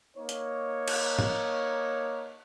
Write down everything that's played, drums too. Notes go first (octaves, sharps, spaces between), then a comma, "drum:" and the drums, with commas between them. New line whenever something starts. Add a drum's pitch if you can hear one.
A#3 D#4 C#5
drum: hi-hat
drum: cymbal
drum: tom G#2